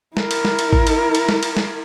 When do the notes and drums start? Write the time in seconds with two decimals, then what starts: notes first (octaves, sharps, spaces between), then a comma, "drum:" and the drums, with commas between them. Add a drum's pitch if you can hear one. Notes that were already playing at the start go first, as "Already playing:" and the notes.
0.17 E4 A#4, drum: snare
0.31 drum: cymbal
0.45 drum: snare
0.59 drum: cymbal
0.73 drum: kick
0.87 drum: cymbal
1.15 drum: cymbal
1.29 drum: snare
1.43 drum: cymbal
1.57 drum: snare